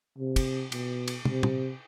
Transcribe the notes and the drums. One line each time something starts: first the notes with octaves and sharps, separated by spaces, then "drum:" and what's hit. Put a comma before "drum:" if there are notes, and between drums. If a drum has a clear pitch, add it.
C3
drum: kick, cymbal
B2, drum: cymbal
drum: cymbal
C3, drum: tom
drum: tom